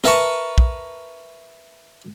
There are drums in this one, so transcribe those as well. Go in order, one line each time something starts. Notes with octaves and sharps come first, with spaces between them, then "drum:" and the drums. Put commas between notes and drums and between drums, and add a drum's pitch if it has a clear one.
A#4 B4 E5 A5 A#5 C#6, drum: snare
drum: kick